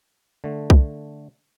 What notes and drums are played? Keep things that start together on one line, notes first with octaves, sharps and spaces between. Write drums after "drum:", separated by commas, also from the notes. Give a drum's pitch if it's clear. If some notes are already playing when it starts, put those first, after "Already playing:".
D3 A3
drum: kick C2